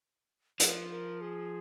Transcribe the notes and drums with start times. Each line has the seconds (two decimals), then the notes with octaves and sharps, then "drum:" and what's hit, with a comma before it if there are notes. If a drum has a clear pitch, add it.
0.60 F3 A#4, drum: hi-hat
0.91 A#4
1.21 G#4